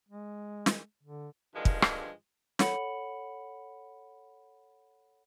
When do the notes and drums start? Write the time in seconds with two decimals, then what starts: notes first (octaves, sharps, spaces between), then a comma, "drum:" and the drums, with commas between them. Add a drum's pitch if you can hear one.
0.09 G#3
0.66 drum: snare
1.03 D3
1.55 G2 D3 D#3 F3 G#3
1.65 drum: kick
1.82 drum: rim click
2.59 A4 C#5 F#5 B5 C#7 F#7, drum: snare